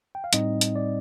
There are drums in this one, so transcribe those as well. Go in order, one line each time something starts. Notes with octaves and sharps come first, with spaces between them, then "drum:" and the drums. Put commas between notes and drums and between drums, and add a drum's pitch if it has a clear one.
G5
F5
A2 G3 C4 D#4 D#5, drum: hi-hat
drum: hi-hat
D5